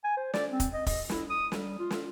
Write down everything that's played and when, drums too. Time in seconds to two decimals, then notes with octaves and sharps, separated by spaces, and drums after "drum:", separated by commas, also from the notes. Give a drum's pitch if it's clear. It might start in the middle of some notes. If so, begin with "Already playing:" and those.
0.04 G#5
0.17 C5
0.34 D5, drum: snare
0.50 C4
0.60 drum: kick, hi-hat
0.73 D#5
0.86 D#5, drum: kick, open hi-hat
1.09 E4, drum: snare
1.30 D#6
1.52 G3, drum: snare
1.79 F4
1.91 drum: snare